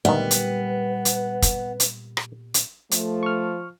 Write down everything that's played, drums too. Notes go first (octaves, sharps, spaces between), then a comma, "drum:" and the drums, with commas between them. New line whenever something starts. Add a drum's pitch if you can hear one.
D2 A#2 D#3 G3 B3 B4
drum: hi-hat
drum: hi-hat
drum: kick, hi-hat
drum: hi-hat
drum: rim click
drum: hi-hat
F3 A3, drum: hi-hat
C#6 F6